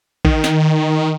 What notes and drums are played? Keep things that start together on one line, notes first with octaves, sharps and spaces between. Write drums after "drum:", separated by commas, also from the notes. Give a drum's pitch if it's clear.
D#3, drum: kick
drum: snare